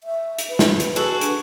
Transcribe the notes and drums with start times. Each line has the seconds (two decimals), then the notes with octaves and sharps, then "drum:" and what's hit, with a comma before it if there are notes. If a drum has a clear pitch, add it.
0.04 E5
0.39 drum: hi-hat
0.49 B4
0.59 drum: snare
0.80 drum: hi-hat
0.96 F#4 G#4 A4
1.21 D4, drum: hi-hat